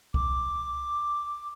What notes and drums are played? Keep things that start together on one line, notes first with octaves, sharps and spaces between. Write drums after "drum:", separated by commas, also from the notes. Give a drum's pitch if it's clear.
D6, drum: kick